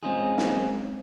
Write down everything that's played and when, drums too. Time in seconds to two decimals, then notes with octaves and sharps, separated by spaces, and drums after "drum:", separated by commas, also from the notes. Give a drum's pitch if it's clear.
0.03 G#3 C4 C#4 D#4 F4 G#4
0.38 drum: snare